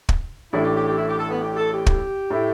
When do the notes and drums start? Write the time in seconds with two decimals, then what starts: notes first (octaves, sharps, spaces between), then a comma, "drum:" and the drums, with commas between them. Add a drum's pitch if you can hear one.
0.09 drum: kick
0.53 A1 A2 A3 D4 E4
0.64 G4
0.76 G4
0.87 G4
0.98 E4
1.09 G4
1.19 A4
1.31 B3
1.42 G4
1.57 A4
1.72 G4
1.86 drum: kick
2.30 A2 A3 E4